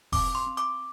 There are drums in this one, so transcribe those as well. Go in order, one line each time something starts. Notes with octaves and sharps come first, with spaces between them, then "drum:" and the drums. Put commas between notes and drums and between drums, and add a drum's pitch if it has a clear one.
C4 D6, drum: kick F1, open hi-hat
C6
C4
D6, drum: hi-hat